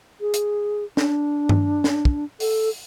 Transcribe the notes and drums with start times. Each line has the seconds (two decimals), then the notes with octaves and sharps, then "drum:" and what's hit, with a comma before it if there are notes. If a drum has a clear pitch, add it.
0.21 G#4
0.34 drum: hi-hat
0.97 D4, drum: snare
1.49 drum: tom G2
1.84 drum: snare
2.05 drum: kick
2.40 A4, drum: open hi-hat